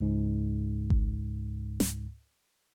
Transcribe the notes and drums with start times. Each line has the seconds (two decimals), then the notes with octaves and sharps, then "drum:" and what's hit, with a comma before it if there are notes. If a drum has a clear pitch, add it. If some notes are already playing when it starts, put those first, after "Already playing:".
0.01 C#2 G#2
0.90 drum: kick G#1
1.80 drum: snare